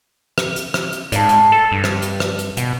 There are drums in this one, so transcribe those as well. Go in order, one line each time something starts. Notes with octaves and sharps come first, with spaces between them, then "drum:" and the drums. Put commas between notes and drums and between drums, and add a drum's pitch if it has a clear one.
drum: rim click
drum: hi-hat
drum: rim click
drum: hi-hat
G#2 D5 F5 A5, drum: hi-hat
drum: hi-hat
A4
G2
drum: rim click
drum: hi-hat
drum: rim click
drum: hi-hat
B2, drum: hi-hat